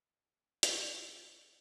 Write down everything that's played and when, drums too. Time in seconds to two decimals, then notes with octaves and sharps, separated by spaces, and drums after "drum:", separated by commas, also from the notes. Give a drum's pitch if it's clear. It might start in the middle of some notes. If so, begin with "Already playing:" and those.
0.63 E1 E2 A2 C3, drum: hi-hat